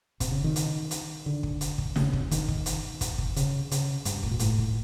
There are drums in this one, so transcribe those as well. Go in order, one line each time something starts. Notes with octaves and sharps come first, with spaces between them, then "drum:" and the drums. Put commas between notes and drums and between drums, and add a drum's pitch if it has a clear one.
C3, drum: kick, hi-hat
C#3
D#3
drum: hi-hat
drum: hi-hat
D3
drum: kick
drum: hi-hat
drum: kick
C#3, drum: snare
drum: kick
D#3, drum: hi-hat
drum: kick
drum: hi-hat
drum: kick, hi-hat
drum: kick
C#3, drum: hi-hat
C#3, drum: hi-hat
G2, drum: hi-hat
A2, drum: kick
A#2
A2, drum: hi-hat
drum: kick